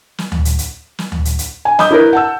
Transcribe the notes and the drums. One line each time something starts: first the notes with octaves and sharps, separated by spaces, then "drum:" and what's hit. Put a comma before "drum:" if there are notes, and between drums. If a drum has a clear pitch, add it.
drum: snare
drum: tom D2
drum: hi-hat
drum: hi-hat
drum: snare
drum: tom D2
drum: hi-hat
drum: hi-hat
G#5
D#5 B5 D6 D#6 G6, drum: snare
E4 A#4 B4
F#5 A5 E6